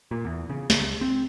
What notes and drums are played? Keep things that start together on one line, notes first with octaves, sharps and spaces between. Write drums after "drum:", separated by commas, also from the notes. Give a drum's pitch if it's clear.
A#2
E2
C#3
C#2, drum: snare
C4